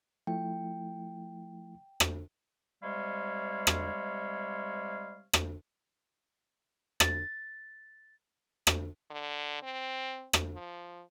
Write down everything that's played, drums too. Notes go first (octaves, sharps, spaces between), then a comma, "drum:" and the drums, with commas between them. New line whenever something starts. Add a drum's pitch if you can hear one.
F3 A3 E4 G5
drum: rim click
C3 G3 G#3 C#5 F5
drum: rim click
drum: rim click
A6, drum: rim click
drum: rim click
D3
C4
drum: rim click
F3